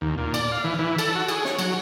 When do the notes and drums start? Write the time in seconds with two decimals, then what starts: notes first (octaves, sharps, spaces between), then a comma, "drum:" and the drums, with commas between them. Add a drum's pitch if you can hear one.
0.01 D#2
0.18 A#2
0.34 D5, drum: cymbal
0.52 F5
0.64 E3
0.79 E3
0.98 A4, drum: cymbal
1.15 F#4
1.28 G#4, drum: cymbal
1.45 C#5, drum: snare
1.59 F#3, drum: cymbal